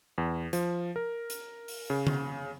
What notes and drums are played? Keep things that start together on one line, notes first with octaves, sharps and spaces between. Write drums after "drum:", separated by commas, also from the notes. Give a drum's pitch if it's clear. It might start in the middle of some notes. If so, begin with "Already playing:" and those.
E2
F3, drum: hi-hat
A#4
drum: hi-hat
drum: open hi-hat
C#3
drum: tom C#3